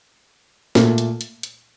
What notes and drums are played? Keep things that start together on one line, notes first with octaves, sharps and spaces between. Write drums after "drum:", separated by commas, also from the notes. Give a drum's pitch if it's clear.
A#2 A3, drum: snare
drum: hi-hat
drum: hi-hat
drum: hi-hat